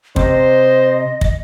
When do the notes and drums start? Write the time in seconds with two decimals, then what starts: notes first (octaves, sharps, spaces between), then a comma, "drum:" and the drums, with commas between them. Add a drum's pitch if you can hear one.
0.16 C3 C5 D#5, drum: kick
1.21 drum: kick